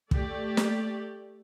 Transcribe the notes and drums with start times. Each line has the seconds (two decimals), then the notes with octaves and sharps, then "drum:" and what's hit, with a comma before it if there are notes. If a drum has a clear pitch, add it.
0.11 A3 G4 D5, drum: kick
0.57 drum: snare